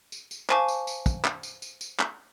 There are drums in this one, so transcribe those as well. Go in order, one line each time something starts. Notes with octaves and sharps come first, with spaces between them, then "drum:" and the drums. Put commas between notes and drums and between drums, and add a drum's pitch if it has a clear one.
drum: tambourine
drum: tambourine
C5 F5 G#5 A5 C#6 D6, drum: clap
drum: tambourine
drum: tambourine
drum: kick, tambourine
drum: clap
drum: tambourine
drum: tambourine
drum: tambourine
drum: clap